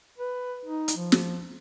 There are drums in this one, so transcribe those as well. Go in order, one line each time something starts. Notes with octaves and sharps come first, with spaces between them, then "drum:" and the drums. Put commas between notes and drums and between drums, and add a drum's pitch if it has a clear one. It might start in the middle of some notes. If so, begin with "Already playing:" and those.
B4
D#4
drum: hi-hat
F3
drum: snare